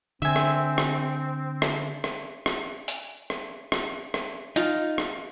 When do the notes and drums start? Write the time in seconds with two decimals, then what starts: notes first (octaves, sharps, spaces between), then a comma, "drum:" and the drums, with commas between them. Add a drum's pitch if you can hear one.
0.22 D3 C4 E5 G#5
0.36 drum: rim click
0.78 drum: rim click
1.62 drum: rim click
2.04 drum: rim click
2.46 drum: rim click
2.88 drum: hi-hat
3.30 drum: rim click
3.72 drum: rim click
4.14 drum: rim click
4.56 D#4 F4, drum: hi-hat
4.98 drum: rim click